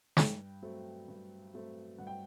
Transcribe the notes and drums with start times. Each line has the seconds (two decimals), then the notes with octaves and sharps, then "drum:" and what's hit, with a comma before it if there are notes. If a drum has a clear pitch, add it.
0.17 G2 G5, drum: snare
0.62 F#3 A3 C4
1.08 G2
1.54 F#3 A3 C4
1.98 G2 F#5
2.07 G5